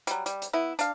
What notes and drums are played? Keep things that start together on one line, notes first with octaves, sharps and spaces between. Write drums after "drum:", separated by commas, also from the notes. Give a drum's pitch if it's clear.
F#3 G3, drum: hi-hat
G3, drum: hi-hat
drum: hi-hat
B3 E4
D4 F5, drum: hi-hat